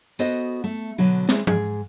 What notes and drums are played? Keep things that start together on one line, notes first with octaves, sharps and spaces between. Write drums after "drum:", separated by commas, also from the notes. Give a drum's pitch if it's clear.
B3 F#4 A4 C5 D#5, drum: tambourine
A3
B2 D3 F#3
G#3 C4 E4, drum: snare
G#2 G#4, drum: tom F3